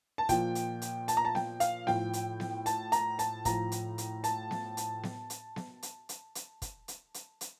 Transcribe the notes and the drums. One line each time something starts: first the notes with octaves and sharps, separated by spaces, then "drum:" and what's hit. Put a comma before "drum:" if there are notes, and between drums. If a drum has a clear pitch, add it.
A5
A#2 F3 G5, drum: kick, hi-hat
drum: hi-hat
drum: hi-hat
A5, drum: hi-hat
A#5
A5
G5, drum: snare B3
F5, drum: hi-hat
A2 F3 G5, drum: snare B3
drum: hi-hat
drum: snare B3
A5, drum: hi-hat
A#5, drum: hi-hat
A5, drum: hi-hat
A2 F3 A#5, drum: kick, hi-hat
drum: hi-hat
drum: hi-hat
A5, drum: hi-hat
drum: snare B3
drum: hi-hat
drum: snare B3
drum: hi-hat
drum: snare B3
drum: hi-hat
drum: hi-hat
drum: hi-hat
drum: kick, hi-hat
drum: hi-hat
drum: hi-hat
drum: hi-hat